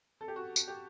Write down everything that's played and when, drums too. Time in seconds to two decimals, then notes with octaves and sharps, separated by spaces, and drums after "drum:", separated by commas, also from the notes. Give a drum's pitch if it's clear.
0.21 A4
0.28 G4
0.36 F#4
0.56 drum: tambourine
0.68 G4